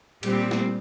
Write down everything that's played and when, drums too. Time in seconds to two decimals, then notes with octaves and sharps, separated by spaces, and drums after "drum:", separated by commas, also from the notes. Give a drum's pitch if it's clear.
0.23 A#2 G3 C4 G4, drum: cymbal
0.51 drum: snare